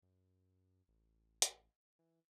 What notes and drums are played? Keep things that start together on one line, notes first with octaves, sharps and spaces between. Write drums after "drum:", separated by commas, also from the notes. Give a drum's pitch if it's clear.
F#2
A1
drum: hi-hat
E3